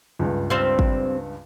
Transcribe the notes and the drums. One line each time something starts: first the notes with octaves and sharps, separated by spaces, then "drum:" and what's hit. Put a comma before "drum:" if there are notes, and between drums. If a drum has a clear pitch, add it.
C#2 G2
G3 C4 F5
drum: kick